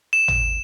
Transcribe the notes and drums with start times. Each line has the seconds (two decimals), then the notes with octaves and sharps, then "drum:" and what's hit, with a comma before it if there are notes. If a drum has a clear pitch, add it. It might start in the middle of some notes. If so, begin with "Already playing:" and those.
0.13 E7
0.28 drum: tom G#1